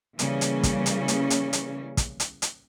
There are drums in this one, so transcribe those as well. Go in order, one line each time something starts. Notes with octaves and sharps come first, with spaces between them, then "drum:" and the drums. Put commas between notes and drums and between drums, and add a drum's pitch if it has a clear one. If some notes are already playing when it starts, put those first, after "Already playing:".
C#3 E3 G3 A#3 C#4, drum: hi-hat
drum: hi-hat
drum: kick, hi-hat
drum: hi-hat
drum: hi-hat
drum: hi-hat
drum: hi-hat
drum: kick, hi-hat
drum: hi-hat
drum: hi-hat